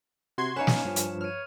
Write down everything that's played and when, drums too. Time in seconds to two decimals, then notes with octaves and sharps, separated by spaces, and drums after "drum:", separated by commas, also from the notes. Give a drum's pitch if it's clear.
0.38 C3 F#4 C6 G#6
0.56 C#4 D#4 B4 C#5 F5 G#5 E7
0.67 drum: snare
0.85 G2 F3
0.96 drum: hi-hat
1.21 C#5 F6 D#7